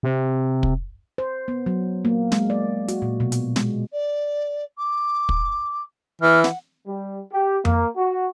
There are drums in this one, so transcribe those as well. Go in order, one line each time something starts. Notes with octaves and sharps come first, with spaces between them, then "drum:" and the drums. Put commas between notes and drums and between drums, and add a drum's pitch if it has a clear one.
C3
drum: kick
C5
B3
F#3
A#3
G#3, drum: snare
D5
F#4, drum: hi-hat
A#2
B2
drum: hi-hat
G#3, drum: snare
D5
D6
drum: kick
E3 F6
F#5, drum: snare
G3
G4
A#3, drum: tom F2
F#4